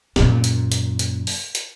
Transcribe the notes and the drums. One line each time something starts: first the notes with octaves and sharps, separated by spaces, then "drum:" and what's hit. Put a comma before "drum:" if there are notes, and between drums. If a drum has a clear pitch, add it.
F#2 A#2, drum: snare
drum: hi-hat
drum: hi-hat
drum: hi-hat
drum: open hi-hat
drum: hi-hat